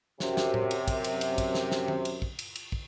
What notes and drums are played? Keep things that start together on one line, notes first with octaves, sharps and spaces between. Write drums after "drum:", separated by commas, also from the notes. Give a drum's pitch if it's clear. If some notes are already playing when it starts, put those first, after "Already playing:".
F#2 C3, drum: snare
drum: snare
drum: tom A2
drum: cymbal
drum: kick, cymbal
drum: cymbal
drum: cymbal
drum: kick, cymbal
drum: snare
drum: snare
drum: tom D#3
drum: cymbal
drum: kick
drum: cymbal
drum: cymbal
drum: kick